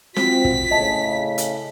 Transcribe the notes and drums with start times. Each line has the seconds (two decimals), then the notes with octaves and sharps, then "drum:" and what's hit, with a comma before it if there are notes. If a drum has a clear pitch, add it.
0.16 C4 F4 F#4 B6, drum: snare
0.45 drum: kick
0.71 A2 C#3 D#5 E5 A5
1.38 drum: hi-hat